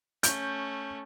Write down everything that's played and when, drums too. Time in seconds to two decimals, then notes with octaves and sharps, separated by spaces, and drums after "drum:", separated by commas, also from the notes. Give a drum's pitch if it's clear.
0.23 A3 C#4 G6, drum: hi-hat